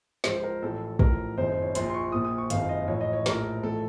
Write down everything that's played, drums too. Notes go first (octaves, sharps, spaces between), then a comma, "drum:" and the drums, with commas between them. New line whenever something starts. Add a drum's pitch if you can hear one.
C#2 C#3 F3 C5, drum: snare
A#4
A1 A2 F3 A4
A1 A2 F3 A#4, drum: kick
F#1 F2 D#3 C5
C5
C#5
A#1 A#2 F3 C6, drum: hi-hat
C6
C#6
A#1 A#2 F3 D#6
D#6
C#6
F#1 F2 D#3 F5, drum: hi-hat
D#5
A1 A2 F3 C#5
D#5
C#5
A#1 A2 F3 A#4, drum: snare
A1 A2 F3 A4